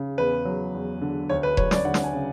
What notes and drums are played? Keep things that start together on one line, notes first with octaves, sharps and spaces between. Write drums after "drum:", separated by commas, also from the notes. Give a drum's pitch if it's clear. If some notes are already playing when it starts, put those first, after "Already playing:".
Already playing: C#3
E2 B4
F#3
E2
D3
D2 C#5
B4
F#3 C#5, drum: kick E1
D5, drum: snare
D2 F#5
drum: snare
G#5
C#3